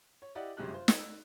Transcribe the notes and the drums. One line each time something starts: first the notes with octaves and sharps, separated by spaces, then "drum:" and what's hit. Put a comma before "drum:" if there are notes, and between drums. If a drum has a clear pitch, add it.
C#5
E4 G4 D5 D#5 F#5
G1 F#2 C3 G#3 G4 F#6
F4 C5
drum: snare
E6